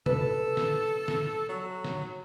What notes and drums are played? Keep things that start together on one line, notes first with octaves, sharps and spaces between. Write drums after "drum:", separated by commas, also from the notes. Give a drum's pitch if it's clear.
A4 B4, drum: tom C3
drum: snare
drum: snare
F#3
drum: snare